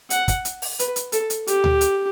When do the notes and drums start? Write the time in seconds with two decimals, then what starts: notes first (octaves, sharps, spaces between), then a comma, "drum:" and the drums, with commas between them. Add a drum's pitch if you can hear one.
0.10 F#5, drum: hi-hat
0.28 drum: kick, hi-hat
0.45 drum: hi-hat
0.62 drum: open hi-hat
0.79 B4, drum: hi-hat
0.96 drum: hi-hat
1.12 A4, drum: hi-hat
1.30 drum: hi-hat
1.47 G4, drum: hi-hat
1.64 drum: tom D2
1.81 drum: hi-hat